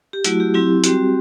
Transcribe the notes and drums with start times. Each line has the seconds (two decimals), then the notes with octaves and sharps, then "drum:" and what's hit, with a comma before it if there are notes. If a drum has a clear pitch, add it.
0.13 G4
0.24 F#3 A3 E4 F#4, drum: hi-hat
0.40 G4
0.54 F#3 C4 E4 G4
0.84 G3 C4 F#4, drum: hi-hat